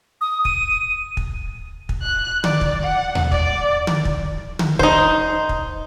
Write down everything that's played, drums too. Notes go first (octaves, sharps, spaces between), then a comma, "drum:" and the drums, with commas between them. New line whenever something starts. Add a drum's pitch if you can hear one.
D#6
D#7, drum: kick
drum: kick
drum: kick
F#6
D5, drum: tom D3
drum: kick
F#5
drum: tom D#2
D5, drum: kick
drum: tom D3
drum: kick
drum: tom D3
D#4 C5, drum: kick
drum: kick